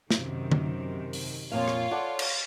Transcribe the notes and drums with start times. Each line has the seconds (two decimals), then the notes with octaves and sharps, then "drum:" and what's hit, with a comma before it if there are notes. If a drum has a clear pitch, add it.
0.10 F#2 C3 D#3, drum: snare
0.52 drum: tom D3
1.13 drum: open hi-hat
1.52 F2 A#2 F4 C#5 F5
1.68 drum: rim click
1.91 A4 D5 F#5
2.19 drum: cymbal